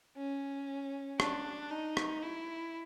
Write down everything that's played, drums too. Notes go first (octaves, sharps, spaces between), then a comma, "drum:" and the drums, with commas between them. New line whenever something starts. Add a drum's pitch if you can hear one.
C#4
D4, drum: rim click
D#4
drum: rim click
E4